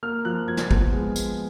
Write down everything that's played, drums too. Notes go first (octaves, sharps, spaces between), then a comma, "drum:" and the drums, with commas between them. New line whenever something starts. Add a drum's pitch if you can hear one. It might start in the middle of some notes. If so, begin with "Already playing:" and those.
A#3 F6
F3 F#6
F3 G#6
drum: snare
B3, drum: kick
G#3
G#3, drum: tambourine